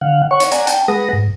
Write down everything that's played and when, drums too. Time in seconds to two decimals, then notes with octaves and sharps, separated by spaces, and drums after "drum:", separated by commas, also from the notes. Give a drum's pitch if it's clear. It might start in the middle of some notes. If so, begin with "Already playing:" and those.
0.01 D3 F5 F#5
0.31 C#5 F#5 C#6
0.40 drum: hi-hat
0.52 D5 F#5 G#5 A#5, drum: hi-hat
0.67 G5 A5, drum: hi-hat
0.88 G#3 G#4 B4 F#5 D#6 A#6
1.13 G#2